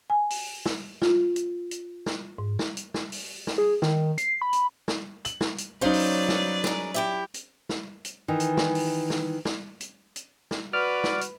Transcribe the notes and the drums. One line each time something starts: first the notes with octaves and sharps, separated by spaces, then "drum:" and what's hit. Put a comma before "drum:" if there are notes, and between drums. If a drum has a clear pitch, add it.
G#5
drum: open hi-hat
drum: snare
F4, drum: snare
drum: hi-hat
drum: hi-hat
drum: snare
G#2
drum: snare
drum: hi-hat
drum: snare
drum: open hi-hat
drum: snare
G#4
D#3, drum: snare
C7, drum: hi-hat
B5
drum: hi-hat
drum: snare
F#7, drum: hi-hat
drum: snare
drum: hi-hat
F#3 C#4 D#4 B4 C5 D5 F5
drum: open hi-hat
drum: snare
G#4 A#4, drum: snare
E4 G4 E5
drum: hi-hat
drum: snare
drum: hi-hat
D#3 E3
drum: hi-hat
drum: snare
drum: open hi-hat
drum: snare
drum: snare
drum: hi-hat
drum: hi-hat
drum: snare
F#4 B4 D5 F6
drum: snare
drum: hi-hat